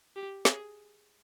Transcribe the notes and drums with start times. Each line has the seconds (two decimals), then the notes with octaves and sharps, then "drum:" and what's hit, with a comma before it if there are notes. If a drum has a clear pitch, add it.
0.16 G4
0.45 G#4, drum: snare